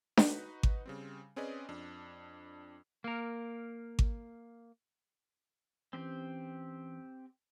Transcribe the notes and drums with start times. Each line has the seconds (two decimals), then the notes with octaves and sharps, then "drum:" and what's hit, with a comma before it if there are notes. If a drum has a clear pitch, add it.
0.17 D#4 F#4 B4, drum: snare D4
0.63 drum: kick G#1
0.86 C#3 G3 C4
1.36 C4 C#4 G#4 B4 D5 D#5
1.69 F2 D4
3.04 A#3 A#4
3.99 drum: kick G#1
5.93 E3 C4 C#4 G4